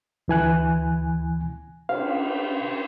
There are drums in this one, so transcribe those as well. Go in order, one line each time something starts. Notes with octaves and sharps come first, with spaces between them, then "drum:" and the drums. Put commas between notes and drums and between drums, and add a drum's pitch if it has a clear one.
D2 E3 G#5 F#6
F5, drum: cymbal